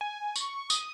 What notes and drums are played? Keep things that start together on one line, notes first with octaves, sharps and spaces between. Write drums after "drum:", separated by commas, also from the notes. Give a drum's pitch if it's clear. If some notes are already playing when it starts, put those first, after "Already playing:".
G#5
C#6, drum: tambourine
D#6, drum: tambourine